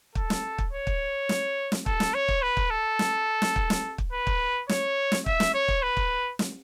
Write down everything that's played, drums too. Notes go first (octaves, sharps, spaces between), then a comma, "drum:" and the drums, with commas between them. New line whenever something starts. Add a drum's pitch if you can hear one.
A4, drum: kick
drum: snare
drum: kick
C#5
drum: kick
drum: snare
drum: snare
A4, drum: kick
drum: snare
C#5
drum: kick
B4
drum: kick
A4
drum: snare
drum: snare
drum: kick
drum: snare
drum: kick
B4
drum: kick
C#5, drum: snare
drum: snare
E5, drum: kick
drum: snare
C#5
drum: kick
B4
drum: kick
drum: snare